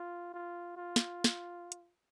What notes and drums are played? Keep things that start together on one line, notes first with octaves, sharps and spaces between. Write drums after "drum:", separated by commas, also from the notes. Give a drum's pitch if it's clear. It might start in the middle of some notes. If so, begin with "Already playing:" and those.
Already playing: F4
F4
F4
drum: snare
drum: snare
drum: hi-hat